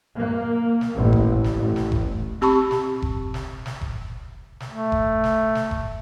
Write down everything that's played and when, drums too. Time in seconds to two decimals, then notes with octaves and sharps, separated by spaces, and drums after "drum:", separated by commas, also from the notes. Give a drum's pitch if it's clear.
0.18 A#3
0.81 drum: snare
0.97 A1
1.13 drum: kick F1
1.44 drum: snare
1.57 A1
1.76 drum: snare
1.92 drum: kick F1
2.41 C4 G4 A5 B5 C#6
2.71 drum: snare
3.02 drum: kick F1
3.34 drum: snare
3.66 drum: snare
3.81 drum: kick F1
4.60 drum: snare
4.71 A3
4.92 drum: kick F1
5.24 drum: snare
5.55 drum: snare
5.71 drum: kick F1